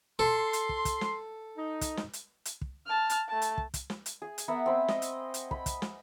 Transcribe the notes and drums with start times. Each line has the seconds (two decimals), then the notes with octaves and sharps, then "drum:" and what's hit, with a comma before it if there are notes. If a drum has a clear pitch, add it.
0.19 A4 C6
0.53 drum: hi-hat
0.69 drum: kick
0.85 drum: kick, hi-hat
1.01 drum: snare
1.57 D#4
1.81 drum: kick, hi-hat
1.97 drum: snare
2.13 drum: hi-hat
2.45 drum: hi-hat
2.61 drum: kick
2.86 A5 F6
3.10 drum: hi-hat
3.28 A3 A5
3.42 drum: hi-hat
3.58 drum: kick
3.74 drum: kick, hi-hat
3.90 drum: snare
4.06 drum: hi-hat
4.22 G#4
4.38 drum: hi-hat
4.48 B3 A#4 E5 F#5
4.66 C4 B5
4.88 D#5, drum: snare
5.02 drum: hi-hat
5.34 drum: hi-hat
5.51 B5, drum: kick
5.66 drum: kick, hi-hat
5.82 drum: snare